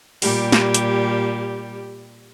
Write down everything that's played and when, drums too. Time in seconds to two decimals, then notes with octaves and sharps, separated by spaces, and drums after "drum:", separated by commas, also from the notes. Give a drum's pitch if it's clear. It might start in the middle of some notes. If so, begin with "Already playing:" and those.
0.22 A#2 G3 G4, drum: open hi-hat
0.52 drum: snare
0.74 drum: hi-hat